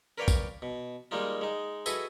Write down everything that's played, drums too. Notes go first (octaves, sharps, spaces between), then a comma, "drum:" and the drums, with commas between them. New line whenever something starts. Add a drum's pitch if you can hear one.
A#4 B4 C#5 D5 F5 G5
drum: kick, tambourine
B2
D#3 G3 G#3 A#3 D#4 F4
G#3 D#4
E4 F#4 G#4 A4 B4 D#5, drum: tambourine